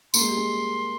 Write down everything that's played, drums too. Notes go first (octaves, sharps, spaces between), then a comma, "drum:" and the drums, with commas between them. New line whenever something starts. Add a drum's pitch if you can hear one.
A#3 C6, drum: tambourine
G#3
G3
G#3